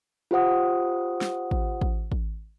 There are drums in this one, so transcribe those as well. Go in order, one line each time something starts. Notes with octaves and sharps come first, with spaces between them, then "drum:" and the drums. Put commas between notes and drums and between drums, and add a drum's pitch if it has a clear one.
F4 G4 C5 F#5 D#6
drum: snare
drum: kick A1
drum: kick A1
drum: kick A1